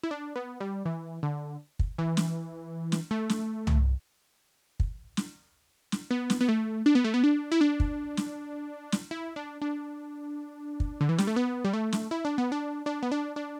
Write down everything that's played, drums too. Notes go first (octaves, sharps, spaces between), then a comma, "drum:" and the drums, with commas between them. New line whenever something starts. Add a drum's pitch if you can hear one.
E4
D4
B3
G3
E3
D3
drum: kick
E3
drum: snare
drum: snare
A3
drum: snare
drum: tom
drum: kick
drum: snare
drum: snare
B3
drum: snare
B3
A3
D4
B3
A3
B3
D4
E4
D4
drum: kick
drum: snare
drum: snare
E4
D4
D4
drum: kick
D3
E3
G3, drum: snare
A3
B3
G3
A3
drum: snare
E4
D4
B3
D4
D4
B3
D4
D4